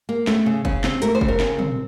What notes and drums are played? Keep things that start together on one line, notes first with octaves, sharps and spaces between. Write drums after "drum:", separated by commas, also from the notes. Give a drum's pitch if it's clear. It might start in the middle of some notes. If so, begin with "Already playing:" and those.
A#3
A3, drum: snare
C#3
C#3, drum: kick F#1
C4, drum: snare
A3 A#4, drum: hi-hat
C5
C#3, drum: kick F#1
A#4
C#3, drum: snare
C4, drum: tom